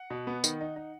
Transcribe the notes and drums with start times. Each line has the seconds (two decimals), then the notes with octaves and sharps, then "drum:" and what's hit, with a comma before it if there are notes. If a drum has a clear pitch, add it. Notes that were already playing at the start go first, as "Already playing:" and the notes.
Already playing: F#5
0.10 B2
0.27 B3
0.44 D#3, drum: tambourine
0.61 D#4
0.76 D#4